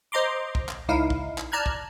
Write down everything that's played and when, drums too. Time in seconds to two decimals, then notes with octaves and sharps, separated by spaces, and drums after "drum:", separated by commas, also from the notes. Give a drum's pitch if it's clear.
0.12 C5 D#5 A#5 C6 D6
0.55 drum: kick A#1
0.69 drum: clap
0.88 C#2 D#4 E4 F5
1.10 drum: kick A#1
1.38 drum: clap
1.52 D5 A5 A#5 F6 F#6 G#6
1.66 drum: kick A#1